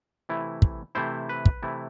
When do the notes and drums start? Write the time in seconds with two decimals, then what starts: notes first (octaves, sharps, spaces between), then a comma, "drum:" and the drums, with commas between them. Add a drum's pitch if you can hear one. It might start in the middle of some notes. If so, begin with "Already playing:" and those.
0.29 C3 E3 A3 E4
0.62 drum: kick
0.95 C3 E3 A3 E4 C5
1.29 B4
1.46 drum: kick
1.63 C3 E3 A3 E4